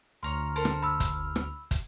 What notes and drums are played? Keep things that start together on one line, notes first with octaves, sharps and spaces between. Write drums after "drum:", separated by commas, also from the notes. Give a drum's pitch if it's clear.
D2 C#5 A#5 C6 F6
A4 A#4 C5
drum: rim click
B5 E6
drum: kick, hi-hat
drum: rim click
drum: kick, hi-hat